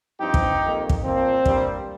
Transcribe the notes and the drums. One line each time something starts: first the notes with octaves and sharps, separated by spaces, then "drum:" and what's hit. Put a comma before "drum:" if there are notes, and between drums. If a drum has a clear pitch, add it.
G2 F3 C4 D#4 G4
drum: kick
F2 D#3 A#3
drum: kick
A#2 F3 A#3 C4
G2 G3 A#3, drum: kick